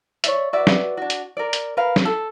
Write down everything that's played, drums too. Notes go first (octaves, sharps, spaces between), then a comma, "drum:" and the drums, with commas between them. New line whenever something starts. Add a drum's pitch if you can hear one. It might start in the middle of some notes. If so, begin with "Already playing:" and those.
C#5 D5 E5, drum: hi-hat
F#4 B4 D5 E5
drum: snare
D4 F#4
drum: hi-hat
A#4 D5
drum: hi-hat
A#4 B4 F5
drum: snare
A4